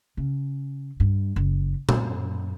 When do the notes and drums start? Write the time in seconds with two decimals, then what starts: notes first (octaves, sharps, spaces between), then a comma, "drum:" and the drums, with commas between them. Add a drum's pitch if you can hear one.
0.17 C#3
1.00 G2
1.36 F#1
1.89 F#2, drum: tom A#2